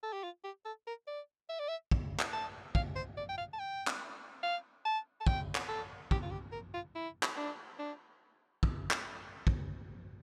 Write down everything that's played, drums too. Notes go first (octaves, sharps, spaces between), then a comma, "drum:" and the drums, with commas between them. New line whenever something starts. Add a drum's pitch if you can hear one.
A4
G4
F4
G4
A4
A#4
D5
E5
D5
E5
drum: kick
drum: clap
A5
F5, drum: kick
C5
D5
G5
F5
A5
G5
drum: clap
F5
A5
A5
G5, drum: kick
drum: clap
A4
G4, drum: kick
F4
G4
A#4
F4
E4
drum: clap
D4
D4
drum: kick
drum: clap
drum: kick